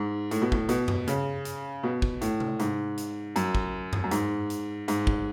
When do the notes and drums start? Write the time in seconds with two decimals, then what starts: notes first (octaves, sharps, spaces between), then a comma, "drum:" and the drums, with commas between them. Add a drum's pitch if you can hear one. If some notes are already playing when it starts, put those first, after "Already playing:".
Already playing: G#2
0.31 A2, drum: hi-hat
0.42 B2
0.52 A2, drum: kick
0.69 B2, drum: hi-hat
0.88 drum: tom F#2
1.07 C#3, drum: hi-hat
1.45 drum: hi-hat
1.83 B2
2.02 drum: kick
2.21 A2, drum: hi-hat
2.40 drum: tom C3
2.59 G#2, drum: hi-hat
2.97 drum: hi-hat
3.36 F#2, drum: hi-hat
3.55 drum: kick
3.93 drum: tom F#2
4.04 F#2
4.11 G#2, drum: hi-hat
4.50 drum: hi-hat
4.88 G#2, drum: hi-hat
5.07 drum: kick